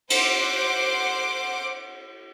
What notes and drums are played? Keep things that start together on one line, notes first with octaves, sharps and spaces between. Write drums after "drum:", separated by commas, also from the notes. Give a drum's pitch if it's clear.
C5 F#5 D6, drum: cymbal